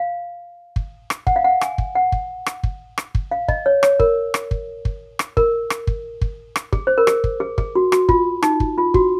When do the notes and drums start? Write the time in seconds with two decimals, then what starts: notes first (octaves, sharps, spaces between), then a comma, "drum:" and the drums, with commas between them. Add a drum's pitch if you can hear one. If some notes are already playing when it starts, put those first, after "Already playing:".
Already playing: F5
0.76 drum: kick
1.10 drum: rim click
1.27 F#5, drum: kick
1.36 F5
1.44 F#5
1.61 G#5, drum: rim click
1.78 drum: kick
1.95 F#5
2.12 drum: kick
2.46 drum: rim click
2.63 drum: kick
2.98 drum: rim click
3.15 drum: kick
3.31 F5
3.48 D#5, drum: kick
3.66 C#5
3.83 C#5, drum: rim click
4.00 A#4, drum: kick
4.34 drum: rim click
4.51 drum: kick
4.85 drum: kick
5.19 drum: rim click
5.37 A#4, drum: kick
5.70 drum: rim click
5.87 drum: kick
6.21 drum: kick
6.56 drum: rim click
6.73 G#4, drum: kick
6.87 C5
6.98 A#4
7.07 G#4, drum: rim click
7.24 drum: kick
7.40 G#4
7.58 G#4, drum: kick
7.75 F#4
7.92 F#4, drum: rim click
8.09 F4, drum: kick
8.42 D#4, drum: rim click
8.60 drum: kick
8.78 F4
8.94 F#4, drum: kick